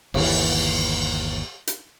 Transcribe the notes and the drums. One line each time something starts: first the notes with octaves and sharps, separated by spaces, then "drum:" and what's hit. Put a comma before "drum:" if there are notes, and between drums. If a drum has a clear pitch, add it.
G1 D#2 E3, drum: cymbal
drum: hi-hat